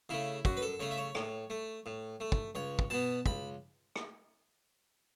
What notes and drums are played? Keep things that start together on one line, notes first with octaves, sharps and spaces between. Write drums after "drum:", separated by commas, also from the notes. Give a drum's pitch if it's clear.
C#3 A3 E4
F#2 F#4, drum: kick
B4
A4
C#3 A3 C#5
E5
C#5
A2, drum: rim click
A3
A2
A3
drum: kick
C#2 C#5
drum: kick
B2 B3 A5
C#2 B5, drum: kick
drum: rim click